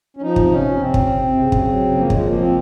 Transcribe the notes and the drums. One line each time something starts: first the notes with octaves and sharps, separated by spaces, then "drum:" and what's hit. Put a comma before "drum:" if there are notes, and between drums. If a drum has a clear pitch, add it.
C#4
F3 D#4
C3, drum: kick
C3 C#4
C3
C3 C4
C3, drum: kick
C3
C3
C#3
F#3, drum: kick
F#3
C#3
F3 A#3
F3 G#3, drum: kick
F3 A#3
C3 C4